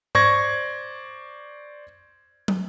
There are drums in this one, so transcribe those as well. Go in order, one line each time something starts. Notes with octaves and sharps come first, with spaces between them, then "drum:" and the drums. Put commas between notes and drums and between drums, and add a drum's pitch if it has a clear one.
C5 D5 C#6 G#6 A#6, drum: tom G#2
drum: tom